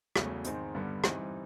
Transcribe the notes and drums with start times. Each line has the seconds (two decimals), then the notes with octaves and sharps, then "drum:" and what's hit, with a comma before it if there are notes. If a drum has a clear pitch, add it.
0.16 E2 C#3 F#3 A3, drum: rim click
0.44 G#2 D#3 G#3 C4 D#4, drum: hi-hat
0.75 G2 D3 G3 B3
1.04 G2 E3 G3 C4 D#4, drum: rim click